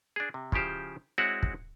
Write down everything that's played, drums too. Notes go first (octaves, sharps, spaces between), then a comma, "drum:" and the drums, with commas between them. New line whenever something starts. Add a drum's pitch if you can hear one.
D4 G#4
C3
C#3 F3 E4 G4 C5, drum: kick
G#3 C4 E4 F#4 C#5 F#5
drum: kick